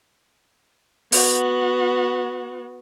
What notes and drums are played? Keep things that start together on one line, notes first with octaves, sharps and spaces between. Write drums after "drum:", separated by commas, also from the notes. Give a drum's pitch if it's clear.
B3 F#4, drum: open hi-hat